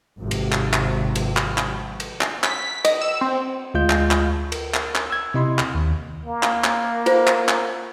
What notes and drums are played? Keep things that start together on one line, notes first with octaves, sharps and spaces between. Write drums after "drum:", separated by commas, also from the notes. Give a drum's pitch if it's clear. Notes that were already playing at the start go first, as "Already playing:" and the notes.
G#1 C3 F3
drum: cymbal
drum: clap
drum: clap
drum: cymbal
drum: clap
drum: clap
drum: cymbal
drum: clap
B6, drum: clap
D#5, drum: cymbal
E6
C4
D2 G#3 F4 D#5 G6
drum: clap
drum: clap
A#4, drum: cymbal
drum: clap
drum: clap
E6 G#6
C3 E4 D#5 B5 C6
drum: clap
D#2
A#3
drum: clap
drum: clap
F4 C5, drum: cymbal
drum: clap
drum: clap